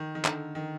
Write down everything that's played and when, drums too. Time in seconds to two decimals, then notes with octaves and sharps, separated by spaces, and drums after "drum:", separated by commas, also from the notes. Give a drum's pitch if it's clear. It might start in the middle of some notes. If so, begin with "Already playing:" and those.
Already playing: D#3
0.15 D#3
0.25 D3, drum: clap
0.55 D#3